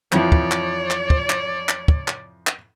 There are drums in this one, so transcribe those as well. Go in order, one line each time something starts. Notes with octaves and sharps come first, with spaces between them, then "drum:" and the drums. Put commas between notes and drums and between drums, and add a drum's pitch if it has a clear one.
F2 E3 F3 C#5 D5, drum: clap
drum: kick
drum: clap
drum: clap
drum: kick
drum: clap
drum: clap
drum: kick
drum: clap
drum: clap